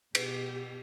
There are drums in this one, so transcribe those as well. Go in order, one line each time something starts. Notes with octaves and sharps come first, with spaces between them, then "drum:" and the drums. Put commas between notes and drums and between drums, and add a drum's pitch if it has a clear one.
B2 G4, drum: cymbal